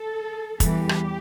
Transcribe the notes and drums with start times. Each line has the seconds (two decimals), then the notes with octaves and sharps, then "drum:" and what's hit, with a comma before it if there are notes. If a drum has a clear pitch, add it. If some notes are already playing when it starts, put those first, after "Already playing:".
Already playing: A4
0.60 E2 E3 G3 G4, drum: kick, hi-hat
0.89 drum: rim click